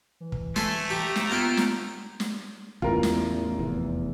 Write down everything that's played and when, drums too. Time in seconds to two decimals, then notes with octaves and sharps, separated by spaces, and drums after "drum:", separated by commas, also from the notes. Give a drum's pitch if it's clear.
0.20 E3
0.32 drum: kick
0.56 A3 A4 G#5 C6, drum: snare
0.90 G4 A#5
1.16 drum: snare
1.31 A#3 B3 F4 G5
1.57 drum: snare
2.20 drum: snare
2.82 A1 E2 F4 A#4, drum: kick
3.03 drum: snare
3.59 F1 E2